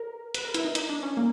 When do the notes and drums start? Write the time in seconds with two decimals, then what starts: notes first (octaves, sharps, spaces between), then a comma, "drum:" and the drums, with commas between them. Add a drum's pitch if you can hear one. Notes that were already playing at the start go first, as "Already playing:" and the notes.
Already playing: A#4
0.34 B4, drum: hi-hat
0.45 A#4
0.54 E4, drum: hi-hat
0.65 D#4
0.75 D#4, drum: hi-hat
0.89 D4
1.03 C#4
1.17 A#3